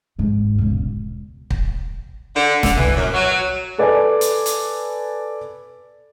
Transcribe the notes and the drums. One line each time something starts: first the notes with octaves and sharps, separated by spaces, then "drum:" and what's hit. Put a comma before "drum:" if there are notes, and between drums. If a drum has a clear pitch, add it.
G#1 G#2
E1 C#2
drum: kick
D3
D3, drum: snare
E3, drum: tom C2
F#2
F#3
A4 B4 D5 G#5
drum: hi-hat
drum: hi-hat